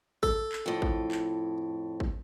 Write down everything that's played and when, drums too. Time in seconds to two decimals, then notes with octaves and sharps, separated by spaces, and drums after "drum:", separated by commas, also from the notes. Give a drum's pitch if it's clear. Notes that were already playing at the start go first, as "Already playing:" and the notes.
0.23 A4, drum: kick
0.52 drum: clap
0.66 F2 A2
0.82 drum: kick
1.12 drum: clap
2.00 drum: kick